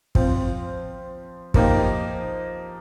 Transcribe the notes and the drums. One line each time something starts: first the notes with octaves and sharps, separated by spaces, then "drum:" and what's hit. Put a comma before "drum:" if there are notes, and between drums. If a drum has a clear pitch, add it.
F3 C4 F4, drum: kick
F3 A#3 D#4 G4, drum: kick